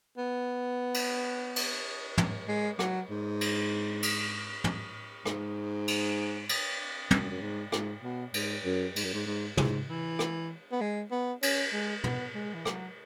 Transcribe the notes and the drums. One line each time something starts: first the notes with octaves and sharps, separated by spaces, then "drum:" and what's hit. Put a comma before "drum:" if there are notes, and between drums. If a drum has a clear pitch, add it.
B3
drum: cymbal
drum: cymbal
drum: tom
G#3
F#3, drum: rim click
G#2
drum: cymbal
drum: cymbal
drum: tom
G#2, drum: rim click
drum: cymbal
drum: cymbal
F#2, drum: tom
F#2
G#2
G#2, drum: rim click
B2
G#2, drum: cymbal
F#2
G#2, drum: cymbal
F#2
G#2
G#2
G#2, drum: tom
E3
drum: rim click
B3
G#3
B3
C#4, drum: cymbal
G#3
B3, drum: tom
G#3
E3
F#3, drum: rim click